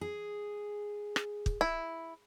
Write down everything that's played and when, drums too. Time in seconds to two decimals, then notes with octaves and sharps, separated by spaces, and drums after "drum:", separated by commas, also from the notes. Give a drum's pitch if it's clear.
0.01 G#4
1.16 drum: rim click
1.46 drum: kick
1.61 E4